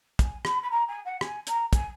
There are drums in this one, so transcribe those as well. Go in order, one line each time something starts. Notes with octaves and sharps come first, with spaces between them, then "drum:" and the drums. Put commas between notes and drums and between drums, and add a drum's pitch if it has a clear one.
G#5, drum: kick, hi-hat
B5, drum: rim click
B5
A#5
G#5
F#5
G#5, drum: rim click
A#5, drum: hi-hat
G#5, drum: kick, hi-hat